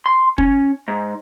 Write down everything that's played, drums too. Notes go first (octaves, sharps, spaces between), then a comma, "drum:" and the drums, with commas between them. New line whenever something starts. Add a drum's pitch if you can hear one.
C6
C#4, drum: kick
G#2